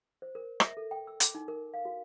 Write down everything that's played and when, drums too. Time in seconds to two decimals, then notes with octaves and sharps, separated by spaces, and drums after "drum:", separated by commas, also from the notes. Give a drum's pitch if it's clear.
0.22 C5
0.35 A#4
0.60 E5, drum: rim click
0.77 A4
0.91 G5
1.07 E6
1.20 D6, drum: hi-hat
1.35 D#4
1.48 A#4
1.74 F5
1.85 F#4